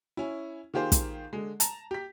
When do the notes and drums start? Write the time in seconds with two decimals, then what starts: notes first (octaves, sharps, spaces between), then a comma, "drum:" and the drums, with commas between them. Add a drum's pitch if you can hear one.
0.17 C#4 E4
0.74 D#3 A#3 F4 G4 G#4 C5
0.92 drum: kick, hi-hat
1.33 D3 G#3
1.60 A5 A#5, drum: hi-hat
1.91 G4 B6